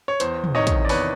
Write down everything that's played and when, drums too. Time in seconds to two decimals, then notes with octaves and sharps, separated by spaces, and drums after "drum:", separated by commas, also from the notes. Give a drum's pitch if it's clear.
0.08 C#5
0.20 E2 C5, drum: hi-hat
0.44 drum: tom
0.55 C3 D#3 C#5 D#5
0.67 drum: kick, hi-hat
0.85 D5
0.89 E2 B4 C#5, drum: open hi-hat